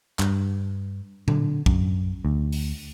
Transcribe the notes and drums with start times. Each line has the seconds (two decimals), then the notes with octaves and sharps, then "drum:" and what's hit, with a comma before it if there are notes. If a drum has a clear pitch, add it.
0.19 G2, drum: clap
1.28 D3, drum: tom A#2
1.66 F#2, drum: kick
2.25 D2
2.52 drum: open hi-hat